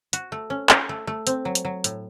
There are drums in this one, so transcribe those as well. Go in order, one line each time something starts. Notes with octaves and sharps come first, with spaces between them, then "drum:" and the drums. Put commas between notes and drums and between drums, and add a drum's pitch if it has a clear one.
F#4, drum: hi-hat
A3
C#4
C#4, drum: clap
A3
A3
C4, drum: hi-hat
F#3
drum: hi-hat
F#3
A2, drum: hi-hat